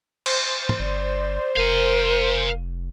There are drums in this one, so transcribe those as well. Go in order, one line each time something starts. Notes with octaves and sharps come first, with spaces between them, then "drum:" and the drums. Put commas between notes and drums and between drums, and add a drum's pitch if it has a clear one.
C5, drum: cymbal
drum: tom
G1 D5
F1 A#4 F5 G#5